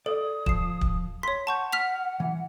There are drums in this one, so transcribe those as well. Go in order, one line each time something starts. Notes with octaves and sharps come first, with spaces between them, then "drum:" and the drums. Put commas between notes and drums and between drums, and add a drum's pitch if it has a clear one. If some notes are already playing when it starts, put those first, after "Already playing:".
A4 D5 D#6
F3 C7 E7, drum: kick
drum: kick
C#5 C6 B6
F#5 A5 C#6 G6
F6 B6 F7
E3